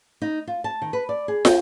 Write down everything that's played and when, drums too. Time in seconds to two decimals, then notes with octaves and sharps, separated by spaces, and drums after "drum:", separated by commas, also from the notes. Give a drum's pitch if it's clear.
0.22 D#4
0.47 F4
0.64 A5
0.82 D#3
0.93 B4
1.09 D5
1.28 G#4
1.45 G5, drum: snare